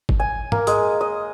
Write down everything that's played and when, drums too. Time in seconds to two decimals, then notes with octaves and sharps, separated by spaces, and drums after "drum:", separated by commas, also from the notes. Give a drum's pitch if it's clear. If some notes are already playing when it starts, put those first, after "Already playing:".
0.09 drum: kick G1
0.20 G#5
0.52 A#3, drum: tom G#2
0.67 G#3, drum: hi-hat
1.01 D#5